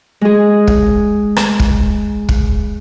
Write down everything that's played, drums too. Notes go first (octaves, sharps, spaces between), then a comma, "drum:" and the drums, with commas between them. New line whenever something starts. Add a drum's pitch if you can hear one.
G#3 G#4
drum: kick
drum: rim click
drum: kick
drum: kick